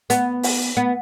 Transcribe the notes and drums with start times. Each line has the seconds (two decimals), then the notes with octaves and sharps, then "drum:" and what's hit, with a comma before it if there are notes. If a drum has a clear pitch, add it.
0.10 B3, drum: hi-hat
0.43 drum: open hi-hat
0.77 B3